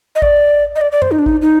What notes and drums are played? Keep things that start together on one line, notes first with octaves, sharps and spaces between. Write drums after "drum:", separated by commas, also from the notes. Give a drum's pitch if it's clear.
D#5
D5, drum: kick G#1
D#5
D5
D5
C5, drum: tom F#2
D#4
D4
D#4, drum: kick G#1
D#4